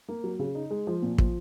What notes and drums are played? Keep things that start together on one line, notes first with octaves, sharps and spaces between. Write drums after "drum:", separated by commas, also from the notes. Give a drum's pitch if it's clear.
A#3
F#3
C#3
D#4
G#3
F3
A#2
F3, drum: kick